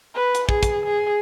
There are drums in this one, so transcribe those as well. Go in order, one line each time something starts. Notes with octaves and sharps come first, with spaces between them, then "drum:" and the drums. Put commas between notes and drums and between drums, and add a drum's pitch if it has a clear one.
B4
drum: hi-hat
G#4, drum: kick
drum: kick, hi-hat
G#4